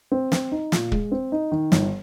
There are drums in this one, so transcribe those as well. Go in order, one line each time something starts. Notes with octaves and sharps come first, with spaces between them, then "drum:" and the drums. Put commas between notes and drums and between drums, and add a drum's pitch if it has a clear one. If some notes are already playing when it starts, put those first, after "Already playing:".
C4
C4, drum: snare
D#4
A#2, drum: snare
G#3, drum: kick
C4
D#4
D#3
G1, drum: snare